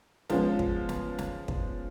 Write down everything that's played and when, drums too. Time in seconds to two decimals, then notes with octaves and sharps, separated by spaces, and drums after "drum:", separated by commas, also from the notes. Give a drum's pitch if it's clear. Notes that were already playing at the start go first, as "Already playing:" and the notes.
0.30 F3 G#3 B3 C#4 F4, drum: snare
0.59 drum: kick
0.89 drum: snare
1.19 drum: snare
1.48 drum: kick